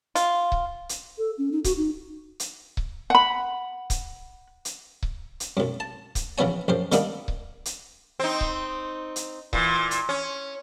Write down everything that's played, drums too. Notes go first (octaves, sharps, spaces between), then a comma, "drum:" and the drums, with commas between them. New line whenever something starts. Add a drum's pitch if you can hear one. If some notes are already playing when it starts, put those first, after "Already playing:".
F4, drum: hi-hat
drum: kick C#1
drum: hi-hat
A4
C#4
D#4
F#4, drum: kick C#1, hi-hat
D#4
drum: hi-hat
drum: kick C#1
F#5 B5
drum: kick C#1, hi-hat
drum: hi-hat
drum: kick C#1
drum: hi-hat
B1 F#2
A5
drum: kick C#1, hi-hat
A#1 C#3 E3 B3 C#5 G#5
A#1 F#2 C5
D#3 G3 A#3 B3 D4 D#4, drum: hi-hat
drum: kick C#1
drum: hi-hat
C4 D#4
drum: kick C#1
drum: hi-hat
A#2 E3, drum: kick C#1
drum: hi-hat
C#4